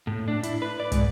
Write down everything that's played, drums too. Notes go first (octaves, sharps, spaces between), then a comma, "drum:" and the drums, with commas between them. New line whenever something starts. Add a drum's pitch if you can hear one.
A2
D4
E4, drum: hi-hat
B4
D5
G#2, drum: kick, hi-hat